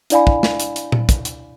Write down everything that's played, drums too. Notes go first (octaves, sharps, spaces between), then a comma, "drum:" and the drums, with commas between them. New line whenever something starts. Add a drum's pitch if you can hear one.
D4 E4 D5 F5 G#5 B5, drum: hi-hat
drum: kick
drum: snare
drum: hi-hat
drum: hi-hat
drum: tom A#2
drum: kick, hi-hat
drum: hi-hat